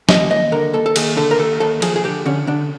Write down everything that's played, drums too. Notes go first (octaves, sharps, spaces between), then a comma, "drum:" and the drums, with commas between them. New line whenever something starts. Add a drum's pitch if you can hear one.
D#2 D#5, drum: snare
D#2 D#5
D3 A#4
D#2 A4
A4
D#2 G#4, drum: cymbal
D3 A4
A#4
D#2 A4
D#2 A4
F3 G#4, drum: cymbal
G#4
D3 G4
D3 C#4
D3 D4